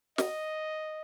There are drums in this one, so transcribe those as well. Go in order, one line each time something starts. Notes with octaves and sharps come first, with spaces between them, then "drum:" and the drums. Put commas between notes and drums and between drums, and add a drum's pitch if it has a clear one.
D#5, drum: snare